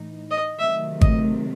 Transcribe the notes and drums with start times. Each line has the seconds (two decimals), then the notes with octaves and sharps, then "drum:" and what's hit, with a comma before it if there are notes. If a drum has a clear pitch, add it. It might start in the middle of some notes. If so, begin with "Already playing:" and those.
Already playing: A2 E3 D#4
0.31 D#5
0.59 C3 D#3 F#3 A3 E5
1.01 D#5, drum: kick G#1